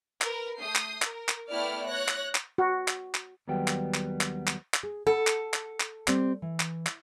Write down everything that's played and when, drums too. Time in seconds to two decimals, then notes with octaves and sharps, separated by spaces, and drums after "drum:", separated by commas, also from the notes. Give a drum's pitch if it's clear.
0.22 A#4 B4, drum: clap
0.57 A3 D#6 G6 C7
0.76 drum: clap
1.02 A#4, drum: clap
1.29 drum: clap
1.50 A3 B3 E4 D5 G5 F6
1.86 C#5 F#6 A#6
2.08 drum: clap
2.35 drum: clap
2.58 F#4
2.88 drum: clap
3.15 drum: clap
3.48 D#2 F#3 G3 B3 G5
3.68 drum: clap
3.94 drum: clap
4.21 drum: clap
4.48 drum: clap
4.74 drum: clap
4.83 G#4
5.07 A4 F#5
5.27 drum: clap
5.54 drum: clap
5.80 drum: clap
6.08 G3 C4 D5, drum: clap
6.42 E3
6.60 drum: clap
6.87 drum: clap